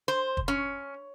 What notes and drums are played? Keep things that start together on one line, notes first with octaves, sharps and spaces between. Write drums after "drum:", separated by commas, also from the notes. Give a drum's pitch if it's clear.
C5
drum: kick
C#4